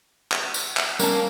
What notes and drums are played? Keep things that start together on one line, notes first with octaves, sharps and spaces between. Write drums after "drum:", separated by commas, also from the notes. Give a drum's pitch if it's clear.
drum: clap
drum: tambourine
drum: clap
G3 A#3 C#4 A5, drum: tambourine